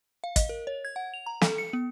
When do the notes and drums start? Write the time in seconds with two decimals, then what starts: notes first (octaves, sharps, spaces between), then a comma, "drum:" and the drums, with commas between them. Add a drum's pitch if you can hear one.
0.24 F5
0.36 D#5, drum: kick, hi-hat
0.49 A#4
0.67 C#5
0.85 G#6
0.96 F#5
1.14 F7
1.26 A#5
1.41 A4, drum: snare
1.58 C#7
1.73 B3